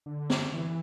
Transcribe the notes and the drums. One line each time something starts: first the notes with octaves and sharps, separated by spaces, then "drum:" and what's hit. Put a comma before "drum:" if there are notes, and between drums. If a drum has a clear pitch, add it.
D3
drum: snare
E3